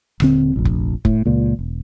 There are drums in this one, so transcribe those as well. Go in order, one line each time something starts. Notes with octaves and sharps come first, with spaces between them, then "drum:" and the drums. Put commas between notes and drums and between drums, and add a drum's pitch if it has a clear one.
D#1 D3 C4, drum: rim click
F1 A#1
drum: kick F1
A2, drum: kick F1
C#2 A#2
E1